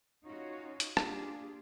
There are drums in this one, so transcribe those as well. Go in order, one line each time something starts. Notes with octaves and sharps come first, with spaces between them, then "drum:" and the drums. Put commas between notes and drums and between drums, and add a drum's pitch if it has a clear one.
C#4 D#4 F4 F#4 C#5
drum: hi-hat
A#3 D4 F4 G4 G#4, drum: rim click